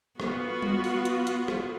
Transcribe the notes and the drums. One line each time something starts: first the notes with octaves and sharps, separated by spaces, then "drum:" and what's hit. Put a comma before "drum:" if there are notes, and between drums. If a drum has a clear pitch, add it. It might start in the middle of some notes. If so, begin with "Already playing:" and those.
B3 F4 F#4, drum: rim click
drum: tom G3
drum: open hi-hat
drum: hi-hat
drum: hi-hat
drum: rim click